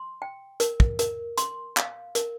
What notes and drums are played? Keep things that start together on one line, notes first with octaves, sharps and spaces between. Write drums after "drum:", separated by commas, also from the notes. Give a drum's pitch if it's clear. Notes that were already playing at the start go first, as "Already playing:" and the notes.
Already playing: C6
G5
A#4, drum: hi-hat
drum: kick
A#4, drum: hi-hat
C6, drum: hi-hat
F5, drum: clap
A#4, drum: hi-hat